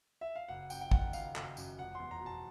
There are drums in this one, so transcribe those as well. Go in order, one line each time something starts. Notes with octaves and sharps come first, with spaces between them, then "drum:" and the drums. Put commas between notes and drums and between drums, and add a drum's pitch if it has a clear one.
E5
F5
F#1 F#5
F#2 G5, drum: tambourine
G5
D#3 F#5, drum: kick
F#1 F5, drum: tambourine
F#1, drum: clap
F#2, drum: tambourine
F1 F#5
E2 C6
A#5
B2
A5